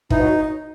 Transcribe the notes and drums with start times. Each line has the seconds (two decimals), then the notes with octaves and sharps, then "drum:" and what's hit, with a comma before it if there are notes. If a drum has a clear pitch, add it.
0.10 E3 D#4, drum: kick
0.20 F#3